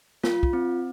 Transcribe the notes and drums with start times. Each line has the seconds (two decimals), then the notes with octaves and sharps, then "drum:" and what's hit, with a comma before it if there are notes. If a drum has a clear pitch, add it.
0.24 F4, drum: snare
0.43 drum: kick
0.53 C4